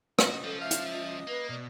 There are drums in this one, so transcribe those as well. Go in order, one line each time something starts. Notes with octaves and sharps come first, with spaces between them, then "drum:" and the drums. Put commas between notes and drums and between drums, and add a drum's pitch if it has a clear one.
C#4 F4 F#4 D#5, drum: rim click
F3 A4
E5 F5 F6
drum: hi-hat
D#5
A#3 B4
B2 D5